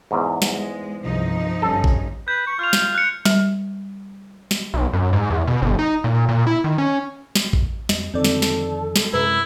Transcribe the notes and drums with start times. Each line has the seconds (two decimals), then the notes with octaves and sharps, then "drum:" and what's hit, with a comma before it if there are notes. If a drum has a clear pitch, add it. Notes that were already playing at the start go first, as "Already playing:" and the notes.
0.11 E2 G#2
0.42 drum: snare
0.52 G#3
1.02 C2 G2 F3 D#4
1.62 G1 G2 C#4 A4
1.84 drum: kick A1
2.28 B4 G6
2.47 C#6
2.59 F4 F6 F7
2.73 drum: snare
2.95 F#6 C#7
3.25 G3, drum: snare
4.51 drum: snare
4.74 B1
4.94 F#2
5.13 G#2
5.30 E2
5.47 B2
5.62 G1
5.79 D#4
6.04 A#2
6.29 A#2
6.47 E4
6.64 D#3
6.78 C#4
7.35 drum: snare
7.53 drum: kick A1
7.89 F2 D#5, drum: snare
8.14 F2 D3 D#3 C4 A4 D5
8.24 drum: snare
8.42 drum: snare
8.96 drum: snare
9.13 F#2 C3 G#3 E4 A#4 B4